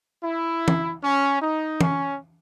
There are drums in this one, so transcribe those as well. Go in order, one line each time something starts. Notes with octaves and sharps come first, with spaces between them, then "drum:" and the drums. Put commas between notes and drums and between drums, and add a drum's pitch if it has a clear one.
E4
drum: tom
C#4
D#4
C#4, drum: tom